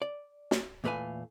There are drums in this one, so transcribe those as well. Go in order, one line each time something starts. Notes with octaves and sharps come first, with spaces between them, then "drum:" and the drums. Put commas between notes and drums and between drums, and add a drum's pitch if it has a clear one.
D5
drum: snare
E2 A#2 A3 B4 F5 G#5